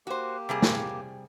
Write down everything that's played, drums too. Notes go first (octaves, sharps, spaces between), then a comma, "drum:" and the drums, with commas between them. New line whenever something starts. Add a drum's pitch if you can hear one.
A#3 F#4 G4 C5
C3 G3 G#4
drum: snare